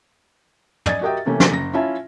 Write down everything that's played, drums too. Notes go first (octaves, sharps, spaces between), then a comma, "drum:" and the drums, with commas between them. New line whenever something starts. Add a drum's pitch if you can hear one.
D5 D#5 G#5 G#6 A6, drum: tom
F#4 G4 A#4 D#5 E5 G5
C3 E3 A3 A#3 C#4
drum: snare
F#1 A#6
C#4 E4 F4 E5 A5